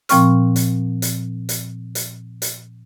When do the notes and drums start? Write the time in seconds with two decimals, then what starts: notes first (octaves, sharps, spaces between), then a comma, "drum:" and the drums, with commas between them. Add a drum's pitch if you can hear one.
0.09 A#2 F3 C4 G5 C#6 F6, drum: hi-hat
0.56 drum: hi-hat
1.02 drum: hi-hat
1.49 drum: hi-hat
1.95 drum: hi-hat
2.42 drum: hi-hat